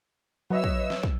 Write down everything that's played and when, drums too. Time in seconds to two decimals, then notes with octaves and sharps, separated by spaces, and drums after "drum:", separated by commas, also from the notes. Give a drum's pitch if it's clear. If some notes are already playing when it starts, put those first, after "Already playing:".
0.50 F#3 B4 C#5 D#5 E5 E6
0.64 drum: kick
0.90 drum: snare
1.03 drum: kick